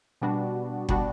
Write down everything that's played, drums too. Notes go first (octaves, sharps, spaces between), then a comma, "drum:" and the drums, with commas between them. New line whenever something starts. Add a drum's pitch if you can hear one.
B2 G3 B3 D4 F#4
B2 G3 B3 D4 F#4, drum: kick F#1